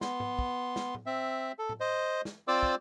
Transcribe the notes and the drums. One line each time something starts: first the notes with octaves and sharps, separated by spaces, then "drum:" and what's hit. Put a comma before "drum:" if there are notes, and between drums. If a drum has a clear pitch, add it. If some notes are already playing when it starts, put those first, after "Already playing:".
B3 C6, drum: snare
drum: tom G#2
drum: kick
drum: snare
drum: tom A2
C4 E5
A4
drum: tom A2
C5 D#5
drum: snare
C4 F4 C5 D5 D6 E6
drum: kick